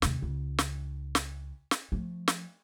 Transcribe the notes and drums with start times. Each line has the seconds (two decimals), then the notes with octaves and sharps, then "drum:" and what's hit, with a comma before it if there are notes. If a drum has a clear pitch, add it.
0.02 D#2 C3, drum: snare
0.22 C#2
0.58 drum: snare
1.15 drum: snare
1.71 drum: snare
1.92 F3 A3
2.28 drum: snare